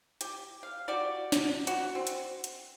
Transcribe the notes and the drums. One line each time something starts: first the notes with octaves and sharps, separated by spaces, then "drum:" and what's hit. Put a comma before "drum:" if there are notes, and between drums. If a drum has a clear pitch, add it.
G4, drum: hi-hat
F5
F#4 G4 D5
drum: snare
F#4, drum: hi-hat
C4
drum: hi-hat
drum: hi-hat